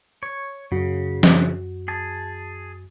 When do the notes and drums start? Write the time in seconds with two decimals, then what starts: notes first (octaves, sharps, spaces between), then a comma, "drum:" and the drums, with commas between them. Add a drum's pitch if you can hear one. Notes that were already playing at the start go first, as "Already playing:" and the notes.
0.23 C#5
0.72 F#2 C#3 F#4
1.23 drum: snare
1.88 G#4 A5